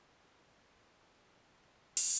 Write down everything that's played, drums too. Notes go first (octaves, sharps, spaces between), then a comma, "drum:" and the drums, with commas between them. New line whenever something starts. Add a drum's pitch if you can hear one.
F#3 A3 C4 D#4
E2 C#3 E3 G3
drum: open hi-hat